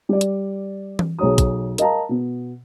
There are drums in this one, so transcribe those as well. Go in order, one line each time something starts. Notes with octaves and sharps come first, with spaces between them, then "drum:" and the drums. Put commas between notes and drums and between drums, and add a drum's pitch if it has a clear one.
G3 D5
drum: hi-hat
drum: tom E3
B1 G#4 C#5 A#5 D#6
drum: kick, hi-hat
A#4 D#5 F5 A5 A#5, drum: hi-hat
B2 B3